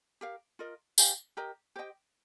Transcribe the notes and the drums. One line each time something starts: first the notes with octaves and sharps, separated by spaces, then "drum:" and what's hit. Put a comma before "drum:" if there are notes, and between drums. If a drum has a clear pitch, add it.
G4 A#4 F5
F4 A#4 D#5
G4 C5 F5 G#5, drum: tambourine
G4 A#4 D#5 A#5
G4 C5 D#5 G5